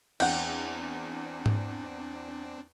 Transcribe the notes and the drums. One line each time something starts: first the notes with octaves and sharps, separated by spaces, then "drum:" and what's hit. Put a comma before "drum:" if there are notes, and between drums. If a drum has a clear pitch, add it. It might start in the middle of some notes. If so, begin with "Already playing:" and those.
E2 C4 D4 F#5 G5, drum: cymbal
drum: tom G#2